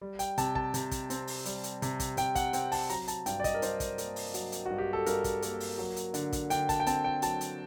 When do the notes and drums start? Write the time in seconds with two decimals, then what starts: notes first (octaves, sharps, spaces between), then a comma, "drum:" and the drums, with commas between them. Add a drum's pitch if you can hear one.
0.01 G3
0.19 G5, drum: hi-hat
0.38 C3 A5, drum: hi-hat
0.55 A5, drum: kick
0.74 C3, drum: hi-hat
0.91 drum: kick, hi-hat
1.10 C4, drum: hi-hat
1.27 drum: open hi-hat
1.45 G3, drum: hi-hat
1.64 drum: hi-hat
1.82 C3, drum: hi-hat
2.00 drum: kick, hi-hat
2.17 C3 G5, drum: hi-hat
2.35 F#5, drum: kick, hi-hat
2.53 C4 G5, drum: hi-hat
2.72 A5, drum: open hi-hat
2.89 F#3 A#5, drum: hi-hat
3.08 A5, drum: hi-hat
3.26 G2 G5, drum: hi-hat
3.40 D5
3.44 D#5, drum: kick, hi-hat
3.54 A#4
3.62 G2 C5, drum: hi-hat
3.80 drum: kick, hi-hat
3.98 A#3, drum: hi-hat
4.16 drum: open hi-hat
4.34 F#3, drum: hi-hat
4.52 drum: hi-hat
4.66 G2 F#4
4.78 G4
4.93 A4
5.06 G2 A#4, drum: hi-hat
5.24 drum: kick, hi-hat
5.42 A#3, drum: hi-hat
5.60 drum: open hi-hat
5.78 F#3
5.96 drum: hi-hat
6.14 D3, drum: hi-hat
6.32 drum: kick, hi-hat
6.50 D3 G5, drum: hi-hat
6.69 A5, drum: kick, hi-hat
6.80 G5
6.86 C4 A5, drum: hi-hat
7.04 G5
7.22 F#3 A5, drum: hi-hat
7.41 drum: hi-hat